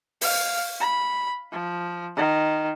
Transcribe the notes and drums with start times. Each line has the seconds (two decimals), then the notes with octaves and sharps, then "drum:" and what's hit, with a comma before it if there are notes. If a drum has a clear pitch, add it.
0.21 F5, drum: open hi-hat
0.80 B5
1.52 F3
2.16 D#3